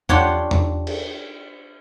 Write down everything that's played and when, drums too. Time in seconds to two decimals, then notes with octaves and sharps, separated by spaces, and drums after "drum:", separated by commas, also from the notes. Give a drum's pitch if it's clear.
0.09 D4 F4 G4 C#5 F#5, drum: tom E2
0.51 drum: tom E2
0.87 drum: cymbal